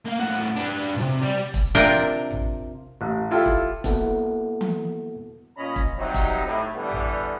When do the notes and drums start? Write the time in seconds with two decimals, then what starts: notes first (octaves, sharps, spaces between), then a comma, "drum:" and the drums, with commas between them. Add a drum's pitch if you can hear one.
0.06 A#3 F5
0.20 A2 F#4
0.56 D4 B4
0.97 B1 C3
1.22 G3 D5
1.54 drum: kick E1, hi-hat
1.75 C3 D4 F4 A#4 G5
2.31 drum: tom A1
3.01 A1
3.31 E4 F4 G4 A4
3.46 drum: kick E1
3.84 A#3 B3 E4 F#4 A4 F#5, drum: kick E1, hi-hat
4.61 drum: tom E3
5.57 A#2 C#4 D#5 A#5 B5
5.76 drum: kick E1
5.98 C3 F#3 G3 D#4
6.14 drum: kick E1, hi-hat
6.45 A2
6.75 D3 E3 G3 B3
6.91 drum: tom A1